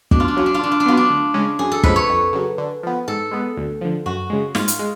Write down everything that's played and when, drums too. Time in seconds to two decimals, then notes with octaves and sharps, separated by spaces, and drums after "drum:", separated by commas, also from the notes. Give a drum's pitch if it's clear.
0.11 B2 D4, drum: kick
0.20 F4
0.28 D4
0.37 F#3 C#4 F4
0.46 D4
0.54 F4
0.61 D3 D4
0.72 F4
0.80 D4
0.86 F#3 B3 F4
0.97 D4
1.10 D2
1.34 C#3 G#3 C#4
1.59 F#2 G#4
1.72 A4
1.83 C#3 F3 G#3 B4, drum: kick
1.96 C#5
2.09 F2
2.33 C#3 F#3
2.58 D3
2.83 F3 B3
3.07 G#2 A4
3.31 G#3 B3
3.57 D2
3.81 D3 F3
4.06 F#2 F#4
4.30 C#3 G#3
4.55 G#2 F4, drum: snare
4.68 drum: hi-hat
4.79 G#3